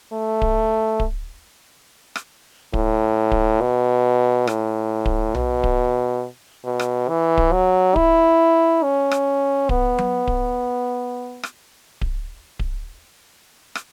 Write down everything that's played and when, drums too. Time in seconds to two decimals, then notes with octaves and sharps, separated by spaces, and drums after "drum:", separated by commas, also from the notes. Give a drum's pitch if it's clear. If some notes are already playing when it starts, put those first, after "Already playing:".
0.12 A3
0.42 drum: kick D1
1.00 drum: kick D1
2.16 drum: rim click
2.74 A2, drum: kick D1
3.32 drum: kick D1
3.61 B2
4.47 A2, drum: rim click
5.06 drum: kick D1
5.35 B2, drum: tom B1
5.64 drum: kick D1
6.65 B2
6.79 drum: rim click
7.08 E3
7.37 drum: kick D1
7.52 F#3
7.96 E4, drum: kick D1
8.83 C#4
9.11 drum: rim click
9.69 B3, drum: kick D1
9.98 drum: tom F#3
10.27 drum: kick D1
11.43 drum: rim click
12.01 drum: kick D1
12.59 drum: kick D1
13.75 drum: rim click